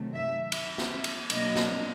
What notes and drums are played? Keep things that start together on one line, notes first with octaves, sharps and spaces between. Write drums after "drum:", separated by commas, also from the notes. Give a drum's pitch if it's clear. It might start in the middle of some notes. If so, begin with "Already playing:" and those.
Already playing: C3 D#3 F#3 A3
E5
E5, drum: cymbal
drum: snare
E5
drum: cymbal
B2 F#3 A#3 D4 D#5, drum: cymbal
drum: snare